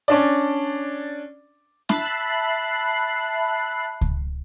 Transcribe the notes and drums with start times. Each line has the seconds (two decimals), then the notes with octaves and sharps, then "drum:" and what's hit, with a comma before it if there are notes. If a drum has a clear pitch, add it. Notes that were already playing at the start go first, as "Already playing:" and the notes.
0.08 C#4 D4 D5
1.89 E5 A5 B5 F#6 C7, drum: snare
4.01 drum: kick C#2